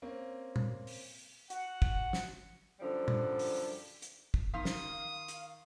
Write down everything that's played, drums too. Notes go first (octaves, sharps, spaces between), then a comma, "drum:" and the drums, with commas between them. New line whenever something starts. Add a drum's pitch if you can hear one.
A#3 C4 C#4
drum: tom
drum: open hi-hat
F#4 F#5, drum: hi-hat
drum: kick
drum: snare
F#2 D3 F3 G3
drum: tom
drum: open hi-hat
drum: hi-hat
drum: kick
D#3 F5 C6 D#6 B6
drum: snare
drum: hi-hat